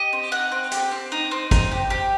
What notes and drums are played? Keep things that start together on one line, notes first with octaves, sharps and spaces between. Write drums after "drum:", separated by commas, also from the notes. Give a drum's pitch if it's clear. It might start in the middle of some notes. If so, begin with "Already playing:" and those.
Already playing: G4 D#5
C4
D#4 F#5
C4
G4, drum: hi-hat
C4
D#4
C4
D#4, drum: kick G#1, hi-hat
G4
G4